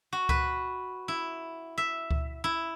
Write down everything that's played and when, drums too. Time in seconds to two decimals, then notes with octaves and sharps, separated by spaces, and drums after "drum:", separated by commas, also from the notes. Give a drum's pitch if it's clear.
0.13 F#4
0.29 B4, drum: kick C#2
1.08 E4
1.78 E5
2.11 drum: kick C#2
2.44 E4